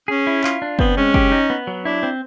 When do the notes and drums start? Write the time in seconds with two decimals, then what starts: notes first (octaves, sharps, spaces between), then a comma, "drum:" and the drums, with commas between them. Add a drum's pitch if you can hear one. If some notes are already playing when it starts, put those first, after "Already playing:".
0.08 C#4 G#4
0.27 E4
0.44 F4, drum: clap
0.62 D4
0.79 B3 C4, drum: kick
0.97 G#3 C#4
1.14 G4, drum: kick
1.32 D#4
1.50 B3
1.67 F#3
1.85 D4 E4
2.03 C4